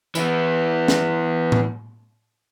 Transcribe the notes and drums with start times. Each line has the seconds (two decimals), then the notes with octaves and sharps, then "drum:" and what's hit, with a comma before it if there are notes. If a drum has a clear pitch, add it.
0.15 E3 B3, drum: tambourine
0.88 drum: snare
1.52 drum: tom A2